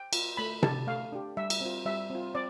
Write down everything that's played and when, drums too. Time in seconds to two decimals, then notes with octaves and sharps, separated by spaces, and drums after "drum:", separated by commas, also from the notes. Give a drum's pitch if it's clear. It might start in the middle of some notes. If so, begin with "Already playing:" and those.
Already playing: G5
0.13 F4, drum: cymbal
0.37 A3 B5
0.63 D4 G4 A5, drum: tom C3
0.87 A3 F5
1.12 D4 G4
1.37 G3 E5
1.50 drum: cymbal
1.61 C4 F4
1.85 G3 E5
2.10 C4 F4
2.35 C4 D5